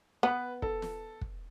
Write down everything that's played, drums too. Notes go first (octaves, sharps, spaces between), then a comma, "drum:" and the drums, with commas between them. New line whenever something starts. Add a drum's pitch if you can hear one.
B3 B4
A4, drum: kick
drum: snare
drum: kick